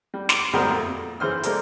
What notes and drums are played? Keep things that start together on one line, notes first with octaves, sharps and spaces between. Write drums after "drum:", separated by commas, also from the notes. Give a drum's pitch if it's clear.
G3
C6 D6, drum: snare
D2 G3 G#3 B3 A#4 C5
F2 A#2 A3
C#3 E3 C5 F6
G#3 A#3 A4 A#4 C5 D5, drum: hi-hat